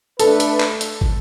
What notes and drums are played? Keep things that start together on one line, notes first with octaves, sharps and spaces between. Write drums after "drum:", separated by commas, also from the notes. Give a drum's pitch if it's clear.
A3 D4 A4 B4, drum: hi-hat
drum: hi-hat
drum: clap
drum: hi-hat
drum: kick